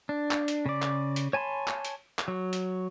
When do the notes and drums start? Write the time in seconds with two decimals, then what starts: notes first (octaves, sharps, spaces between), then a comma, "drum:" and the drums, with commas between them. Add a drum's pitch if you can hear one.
0.09 D4
0.31 drum: clap
0.48 drum: hi-hat
0.66 C#3 D5
0.82 drum: clap
1.16 drum: hi-hat
1.33 C#5 G#5 A5 B5 C6
1.67 drum: clap
1.85 drum: hi-hat
2.19 drum: clap
2.28 F#3
2.53 drum: hi-hat